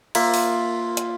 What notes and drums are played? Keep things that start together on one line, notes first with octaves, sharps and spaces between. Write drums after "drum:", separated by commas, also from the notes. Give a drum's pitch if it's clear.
A#3 F4 E5, drum: cymbal
drum: open hi-hat
drum: hi-hat